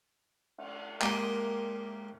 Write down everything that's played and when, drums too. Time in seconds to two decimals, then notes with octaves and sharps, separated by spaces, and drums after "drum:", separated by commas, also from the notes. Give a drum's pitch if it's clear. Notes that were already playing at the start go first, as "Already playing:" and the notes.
0.58 drum: cymbal
1.02 G#3 A#3 G4 C6 D#6, drum: clap